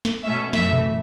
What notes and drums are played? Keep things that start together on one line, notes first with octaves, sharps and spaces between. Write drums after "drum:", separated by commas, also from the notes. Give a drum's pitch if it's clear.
drum: snare
B2 A3 C#4 E5
F#2 E3 A3 E5, drum: snare
drum: tom A#2